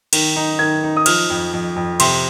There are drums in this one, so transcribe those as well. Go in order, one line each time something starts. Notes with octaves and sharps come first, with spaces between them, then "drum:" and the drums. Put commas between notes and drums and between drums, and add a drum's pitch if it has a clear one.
D#3, drum: cymbal
D#4
D#3 G#6
D#4
D#6
F3 F6, drum: cymbal
F2
F2
F2
C3 C6, drum: cymbal